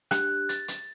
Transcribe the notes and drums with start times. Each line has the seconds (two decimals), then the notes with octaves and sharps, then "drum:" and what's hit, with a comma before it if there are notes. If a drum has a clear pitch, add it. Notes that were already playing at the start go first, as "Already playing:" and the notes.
0.11 D4 G4 F#6, drum: rim click
0.49 A6, drum: hi-hat
0.68 drum: hi-hat